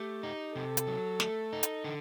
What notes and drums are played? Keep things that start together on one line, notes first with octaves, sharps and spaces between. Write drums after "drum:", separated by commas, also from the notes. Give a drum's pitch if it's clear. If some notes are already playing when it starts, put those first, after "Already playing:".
Already playing: A3 G4
D#4
C3 A4
drum: hi-hat
F#3
A3, drum: snare
D#4
drum: hi-hat
D3